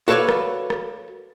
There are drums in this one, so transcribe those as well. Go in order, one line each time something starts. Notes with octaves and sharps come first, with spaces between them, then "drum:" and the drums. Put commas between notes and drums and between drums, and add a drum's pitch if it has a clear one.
F#4 A4 B4 C#5 D5 F5
drum: rim click
drum: rim click